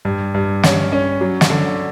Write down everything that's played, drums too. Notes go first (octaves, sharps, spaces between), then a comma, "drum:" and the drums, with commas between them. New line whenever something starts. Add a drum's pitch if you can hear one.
G2
G2
C#4, drum: snare
C#4
F#3
drum: snare
D3